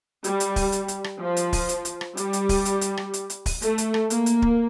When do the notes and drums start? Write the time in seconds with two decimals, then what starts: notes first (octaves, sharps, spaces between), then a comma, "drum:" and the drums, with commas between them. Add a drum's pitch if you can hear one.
0.24 G3, drum: hi-hat
0.40 drum: hi-hat
0.56 drum: kick, open hi-hat
0.72 drum: hi-hat
0.88 drum: hi-hat
1.04 drum: rim click
1.20 F3
1.37 drum: hi-hat
1.53 drum: kick, open hi-hat
1.69 drum: hi-hat
1.85 drum: hi-hat
2.01 drum: rim click
2.17 G3, drum: hi-hat
2.33 drum: hi-hat
2.49 drum: kick, open hi-hat
2.65 drum: hi-hat
2.81 drum: hi-hat
2.97 drum: rim click
3.14 drum: hi-hat
3.30 drum: hi-hat
3.46 drum: kick, open hi-hat
3.62 A3, drum: hi-hat
3.78 drum: hi-hat
3.94 drum: rim click
4.10 A#3, drum: hi-hat
4.26 drum: hi-hat
4.42 drum: kick